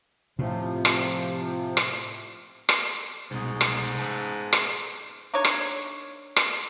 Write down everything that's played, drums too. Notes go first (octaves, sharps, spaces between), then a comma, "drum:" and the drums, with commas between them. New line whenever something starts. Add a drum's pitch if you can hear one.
A2 C3 F3
drum: rim click
drum: rim click
drum: rim click
C2 G#2 B2
drum: rim click
B4 E5 A5
drum: rim click
D4 D#4 A#4 C#5
drum: rim click
drum: rim click